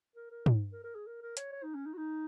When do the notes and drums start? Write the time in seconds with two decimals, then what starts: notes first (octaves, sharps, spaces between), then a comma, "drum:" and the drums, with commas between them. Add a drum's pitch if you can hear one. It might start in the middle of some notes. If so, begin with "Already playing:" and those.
0.16 A#4
0.31 A#4
0.46 D#4, drum: tom
0.72 A#4
0.84 A#4
0.95 G#4
1.07 A#4
1.22 A#4
1.37 C#5, drum: hi-hat
1.52 C#5
1.63 D#4
1.75 C#4
1.86 D#4
1.93 F#4
1.97 D#4